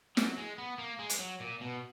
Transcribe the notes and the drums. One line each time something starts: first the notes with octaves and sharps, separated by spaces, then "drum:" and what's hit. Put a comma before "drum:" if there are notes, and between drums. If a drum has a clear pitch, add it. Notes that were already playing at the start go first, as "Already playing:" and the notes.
F#3, drum: snare
G#3
B3
A#3
G#3
drum: hi-hat
F#3
A#2
B2